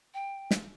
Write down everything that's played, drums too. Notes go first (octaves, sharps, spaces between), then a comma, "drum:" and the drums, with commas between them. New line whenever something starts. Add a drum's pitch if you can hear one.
G5
drum: snare